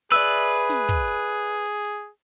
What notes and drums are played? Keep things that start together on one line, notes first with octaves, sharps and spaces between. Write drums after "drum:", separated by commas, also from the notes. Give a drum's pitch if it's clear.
G#4 B4 D5 E5 E6
drum: hi-hat
drum: snare
drum: kick, hi-hat
drum: hi-hat
drum: hi-hat
drum: hi-hat
drum: hi-hat
drum: hi-hat